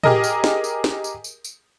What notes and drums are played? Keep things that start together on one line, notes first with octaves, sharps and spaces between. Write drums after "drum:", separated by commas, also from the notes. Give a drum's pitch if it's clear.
G4 G#4 A#4 D#5, drum: tom
drum: tambourine
drum: snare
drum: tambourine
drum: snare
drum: tambourine
drum: tambourine
drum: tambourine